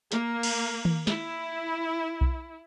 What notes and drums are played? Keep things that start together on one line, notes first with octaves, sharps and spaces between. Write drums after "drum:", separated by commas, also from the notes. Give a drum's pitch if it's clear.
A#3, drum: hi-hat
drum: cymbal
drum: tom D#3
E4, drum: snare
drum: kick B1